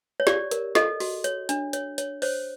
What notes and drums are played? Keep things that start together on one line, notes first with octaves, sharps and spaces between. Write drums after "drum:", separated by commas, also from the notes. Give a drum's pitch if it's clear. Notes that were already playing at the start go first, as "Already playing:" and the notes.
C#5
G4 D5, drum: snare
A#4, drum: hi-hat
A4 D#5, drum: snare
F#4, drum: open hi-hat
C#5, drum: hi-hat
D4, drum: hi-hat
C#5, drum: hi-hat
C#5, drum: hi-hat
C5 C#5, drum: open hi-hat